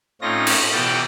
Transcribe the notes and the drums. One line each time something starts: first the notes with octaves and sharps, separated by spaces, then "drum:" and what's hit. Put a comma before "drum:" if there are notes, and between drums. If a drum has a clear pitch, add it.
A2 C4 C#4 D#4 F4 A#6
drum: cymbal
B2 E3 G4 D5 G6 A6